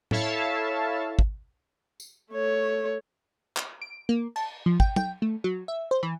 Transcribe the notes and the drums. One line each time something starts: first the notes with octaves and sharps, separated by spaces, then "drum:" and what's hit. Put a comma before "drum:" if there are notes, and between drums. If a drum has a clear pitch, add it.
E4 A4 C#5 E5 F5 A5, drum: tom A2
drum: kick
drum: tambourine
A3 C#5
drum: clap
D7
A#3
A5, drum: cymbal
F3
G5, drum: kick
G5, drum: tom
A3
F#3
E5
C5
E3